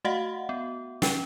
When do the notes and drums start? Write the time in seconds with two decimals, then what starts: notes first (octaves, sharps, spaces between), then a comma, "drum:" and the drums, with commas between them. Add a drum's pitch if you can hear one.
0.05 A3 F#4 D#5 F5 F#5
0.49 B3
1.02 C#4 G5, drum: snare